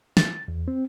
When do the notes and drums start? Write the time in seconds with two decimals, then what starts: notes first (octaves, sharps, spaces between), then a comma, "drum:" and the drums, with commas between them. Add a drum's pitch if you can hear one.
0.17 A6, drum: snare
0.48 E2
0.68 C4